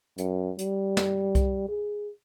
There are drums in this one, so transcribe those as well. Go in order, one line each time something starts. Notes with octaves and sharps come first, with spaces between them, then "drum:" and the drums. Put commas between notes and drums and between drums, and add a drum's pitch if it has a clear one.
F#2, drum: hi-hat
G3, drum: hi-hat
drum: snare
drum: kick C2, hi-hat
G#4